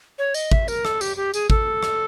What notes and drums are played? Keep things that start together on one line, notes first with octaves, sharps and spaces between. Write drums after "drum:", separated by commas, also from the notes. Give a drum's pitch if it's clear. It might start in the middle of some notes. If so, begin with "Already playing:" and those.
C#5
D#5, drum: tambourine
E5, drum: kick G#1
A#4, drum: tambourine
A4, drum: rim click
G4, drum: tambourine
G4
G#4, drum: tambourine
A4, drum: kick G#1
drum: rim click